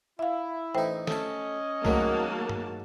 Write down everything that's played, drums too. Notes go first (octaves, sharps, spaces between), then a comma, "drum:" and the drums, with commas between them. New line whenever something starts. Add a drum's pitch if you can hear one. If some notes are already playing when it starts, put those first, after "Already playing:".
E4 E5 F5
A1 D#4 C5 E5 G5
A3 C#4 D#5 A5, drum: snare
G#2 D#3 F#3 A3 A#3 F#4 A5, drum: kick C2
drum: tom G2